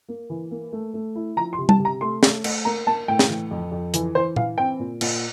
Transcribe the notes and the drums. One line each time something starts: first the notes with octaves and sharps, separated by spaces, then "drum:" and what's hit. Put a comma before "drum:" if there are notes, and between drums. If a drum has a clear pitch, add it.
A#3
E3
A#3
A3
A3
E4
F3 A#5
C6
C3
A5, drum: tom G3
C3
A#5
A3 C6
A3, drum: snare
A3, drum: cymbal
A#3 A#5
A#3 A5
A2 G5
drum: snare
E3
F2
F2
E3, drum: hi-hat
E3 C5
E3 F5, drum: tom A#2
C4 G5
A#2
A#2, drum: cymbal